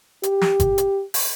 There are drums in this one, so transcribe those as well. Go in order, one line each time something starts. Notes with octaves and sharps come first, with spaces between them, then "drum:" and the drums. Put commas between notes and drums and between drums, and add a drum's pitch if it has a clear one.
G4, drum: hi-hat
drum: snare
drum: kick G1, hi-hat
drum: hi-hat
drum: open hi-hat